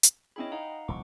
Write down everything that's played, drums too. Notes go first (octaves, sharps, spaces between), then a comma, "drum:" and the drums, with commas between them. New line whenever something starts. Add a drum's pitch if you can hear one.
drum: hi-hat
C#4 E4 G#4 D#5 G5 B5
D#4 F5 F#5 A#5
D#1 C2 F3 F#5 C#6 D6